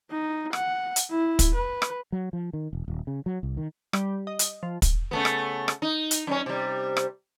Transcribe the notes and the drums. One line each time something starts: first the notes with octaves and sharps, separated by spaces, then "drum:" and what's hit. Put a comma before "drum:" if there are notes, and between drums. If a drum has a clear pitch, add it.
D#4
F#5, drum: rim click
drum: hi-hat
E4
drum: kick, hi-hat
B4
drum: rim click
F#3
F3
D#3
E1
D#1
C#3
F#3
C2
D#3
G3, drum: rim click
D#5
drum: hi-hat
F3
drum: kick, hi-hat
C#3 A3 B3
drum: rim click
drum: rim click
D#4
drum: hi-hat
F#2 C#4
C3 G3
drum: rim click